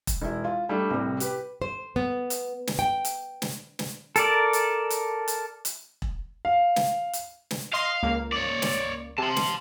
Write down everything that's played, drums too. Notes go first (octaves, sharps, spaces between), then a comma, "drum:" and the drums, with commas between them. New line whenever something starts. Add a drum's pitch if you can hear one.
drum: kick E1, hi-hat
E1 E4
F4
G3 A3 D4
C2 A2 C3
G4 B4, drum: hi-hat
C5
B3
drum: hi-hat
drum: snare
G5
drum: hi-hat
drum: snare
drum: snare
A4 A#4 D5, drum: hi-hat
drum: hi-hat
drum: hi-hat
drum: hi-hat
drum: hi-hat
drum: kick E1
F5
drum: snare
drum: hi-hat
drum: snare
D#5 F5 C6
C#2 A#3
C#5 D5
drum: snare
C3 A5 C6
drum: snare